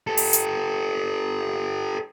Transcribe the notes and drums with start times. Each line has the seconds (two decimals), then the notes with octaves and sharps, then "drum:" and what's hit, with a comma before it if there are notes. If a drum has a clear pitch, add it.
0.07 G4 A4
0.17 drum: open hi-hat
0.33 drum: hi-hat